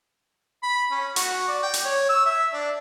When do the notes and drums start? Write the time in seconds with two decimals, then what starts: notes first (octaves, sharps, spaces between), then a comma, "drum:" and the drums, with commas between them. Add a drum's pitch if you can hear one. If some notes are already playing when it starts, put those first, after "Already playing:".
0.63 B5
0.92 C#4
1.16 F#4, drum: hi-hat
1.48 D5
1.63 G5
1.74 drum: hi-hat
1.85 C#5
2.09 E6
2.26 E5
2.53 D4